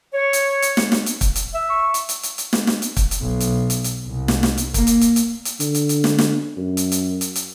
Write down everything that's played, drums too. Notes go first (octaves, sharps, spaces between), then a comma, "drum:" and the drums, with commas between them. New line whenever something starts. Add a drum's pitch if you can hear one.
C#5
drum: hi-hat
drum: hi-hat
drum: snare
drum: snare
drum: hi-hat
drum: kick, hi-hat
drum: hi-hat
E5
C#6
drum: hi-hat
drum: hi-hat
drum: hi-hat
drum: hi-hat
drum: snare
drum: snare
drum: hi-hat
drum: kick, hi-hat
drum: hi-hat
B1
drum: hi-hat
drum: hi-hat
drum: hi-hat
C2
drum: snare
drum: snare
drum: hi-hat
A#3, drum: kick, hi-hat
drum: hi-hat
drum: hi-hat
drum: hi-hat
drum: hi-hat
D3, drum: hi-hat
drum: hi-hat
drum: hi-hat
drum: snare
drum: snare
F#2
drum: hi-hat
drum: hi-hat
drum: hi-hat
drum: hi-hat